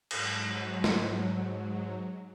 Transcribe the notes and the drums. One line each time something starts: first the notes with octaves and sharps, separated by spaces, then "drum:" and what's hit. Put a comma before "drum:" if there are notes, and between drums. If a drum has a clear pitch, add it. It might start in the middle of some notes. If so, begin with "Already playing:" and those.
G#2 F#3, drum: cymbal
drum: snare